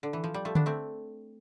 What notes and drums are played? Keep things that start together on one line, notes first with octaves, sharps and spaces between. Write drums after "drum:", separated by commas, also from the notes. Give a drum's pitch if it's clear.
D3
E3
F3
G3
F3 A3
B3 D4, drum: tom D3
A3 C4